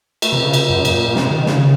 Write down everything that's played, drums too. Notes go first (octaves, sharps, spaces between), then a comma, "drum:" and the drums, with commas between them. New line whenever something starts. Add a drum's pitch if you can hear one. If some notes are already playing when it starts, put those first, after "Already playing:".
A3, drum: cymbal
C3
C#3
drum: cymbal
F#2
A#2, drum: cymbal
C3, drum: snare
D#3
C#3, drum: snare